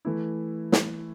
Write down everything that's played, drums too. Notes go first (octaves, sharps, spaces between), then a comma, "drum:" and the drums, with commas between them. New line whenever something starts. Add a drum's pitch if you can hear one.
E3 A3 E4
drum: snare